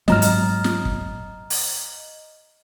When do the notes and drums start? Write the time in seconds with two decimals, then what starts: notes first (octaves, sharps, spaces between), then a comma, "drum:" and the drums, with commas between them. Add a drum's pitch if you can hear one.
0.08 G#2 F#3 G#3 D#5 A#5 F6, drum: snare
0.22 drum: hi-hat
0.64 drum: snare
0.85 drum: kick
1.50 drum: open hi-hat